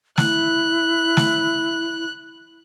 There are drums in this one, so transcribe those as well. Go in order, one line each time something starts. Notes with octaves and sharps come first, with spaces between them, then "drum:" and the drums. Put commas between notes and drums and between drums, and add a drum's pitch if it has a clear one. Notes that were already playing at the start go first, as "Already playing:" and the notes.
E4 F#6, drum: snare
drum: snare